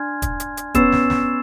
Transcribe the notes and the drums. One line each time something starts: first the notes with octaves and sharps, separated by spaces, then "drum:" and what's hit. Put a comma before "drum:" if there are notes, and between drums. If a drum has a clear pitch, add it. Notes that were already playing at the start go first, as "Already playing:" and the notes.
Already playing: D4 G#5 C6 F6 G#6
drum: kick, hi-hat
drum: hi-hat
drum: hi-hat
B3 C#4 C#6 E6 A6 C7 E7, drum: kick, hi-hat
drum: snare
drum: snare